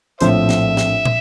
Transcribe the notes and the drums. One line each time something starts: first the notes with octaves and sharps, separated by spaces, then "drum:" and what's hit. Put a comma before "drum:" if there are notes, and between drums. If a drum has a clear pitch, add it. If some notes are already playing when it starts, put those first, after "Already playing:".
A#1 A2 F3 C4 C5 E5, drum: hi-hat
drum: snare
drum: snare
drum: tom